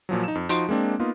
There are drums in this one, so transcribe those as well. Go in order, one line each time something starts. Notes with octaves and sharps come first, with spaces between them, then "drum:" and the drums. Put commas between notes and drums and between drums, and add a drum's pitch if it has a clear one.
A#2 F3 F#3
D#4 E7
F2
F3 D#4 F#4 C6 D7, drum: hi-hat
G#3 A#3 C4 D4
A#3 B3 D#4 F4